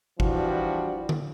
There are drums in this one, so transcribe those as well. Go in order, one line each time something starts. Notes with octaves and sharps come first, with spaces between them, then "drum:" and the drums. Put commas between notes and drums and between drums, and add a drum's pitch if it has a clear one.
E3 F3 G3 D4 F#4, drum: kick G1
drum: tom D3